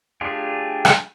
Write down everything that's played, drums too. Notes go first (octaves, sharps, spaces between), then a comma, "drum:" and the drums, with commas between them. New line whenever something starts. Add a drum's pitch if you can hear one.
A3 D4 F4 G4 G#4
drum: rim click